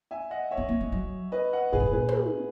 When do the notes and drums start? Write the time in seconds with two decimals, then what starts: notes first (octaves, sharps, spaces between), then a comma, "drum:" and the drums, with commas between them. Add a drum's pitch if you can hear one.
0.11 E5 G#5
0.31 D#5 F#5
0.51 C#5 E5
0.57 B3
0.69 A#3
0.81 G#3
0.92 F#3
1.32 B4 D#5
1.52 D#5 F#5
1.72 A#2 G#4 B4
1.80 G#2
1.87 A#2
1.93 G#4 B4
2.08 drum: tom